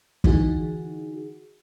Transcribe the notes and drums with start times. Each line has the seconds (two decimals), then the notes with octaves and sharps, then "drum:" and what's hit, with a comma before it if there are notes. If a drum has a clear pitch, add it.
0.24 D3 E3 D#4 F#4 G#4, drum: kick